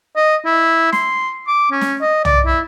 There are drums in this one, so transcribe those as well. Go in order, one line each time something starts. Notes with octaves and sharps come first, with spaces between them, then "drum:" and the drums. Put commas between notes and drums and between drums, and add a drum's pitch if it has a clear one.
D#5
E4
C6, drum: snare
D6
C#4
drum: snare
D#5
D5, drum: tom
E4